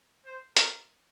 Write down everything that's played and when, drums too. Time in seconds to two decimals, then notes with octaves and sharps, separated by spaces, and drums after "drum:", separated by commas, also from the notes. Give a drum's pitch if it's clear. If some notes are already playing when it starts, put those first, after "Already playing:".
0.25 C5
0.57 A#4, drum: hi-hat